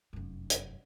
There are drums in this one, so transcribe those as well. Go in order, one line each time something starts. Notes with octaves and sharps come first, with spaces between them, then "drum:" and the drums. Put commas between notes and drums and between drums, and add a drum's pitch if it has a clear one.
F1 F#2
drum: hi-hat